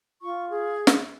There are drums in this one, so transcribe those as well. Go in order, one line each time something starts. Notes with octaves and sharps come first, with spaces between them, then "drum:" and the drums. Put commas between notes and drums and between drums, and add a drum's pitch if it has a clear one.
F4 C#6
G#4
drum: snare